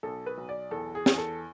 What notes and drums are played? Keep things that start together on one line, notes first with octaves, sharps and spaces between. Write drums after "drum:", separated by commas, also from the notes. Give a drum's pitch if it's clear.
B1 A4
B4
B1
D5
E2 A4
G#4
E2, drum: snare
A4